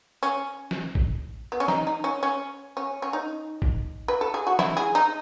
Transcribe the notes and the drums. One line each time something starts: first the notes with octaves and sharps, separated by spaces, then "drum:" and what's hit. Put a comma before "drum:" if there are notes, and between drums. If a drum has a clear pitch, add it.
C#4
drum: snare
drum: kick
B3
C#4
D#4, drum: snare
D#4
C#4
C#4
C#4
C#4
D#4
drum: kick
B4
A4
G#4
F#4
E4, drum: snare
G#4
D#4